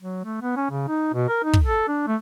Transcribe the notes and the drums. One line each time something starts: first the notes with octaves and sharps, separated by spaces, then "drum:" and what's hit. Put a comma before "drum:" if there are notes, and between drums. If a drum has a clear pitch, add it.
F#3
A3
B3
C#4
C#3
D#4
B2
A#4
D#4
drum: kick
A4
D4
A3